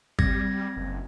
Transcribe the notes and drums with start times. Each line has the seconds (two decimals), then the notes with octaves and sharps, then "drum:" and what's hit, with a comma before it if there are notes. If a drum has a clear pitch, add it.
0.19 G3 C4 G#6 A#6, drum: kick G#1
0.77 F#1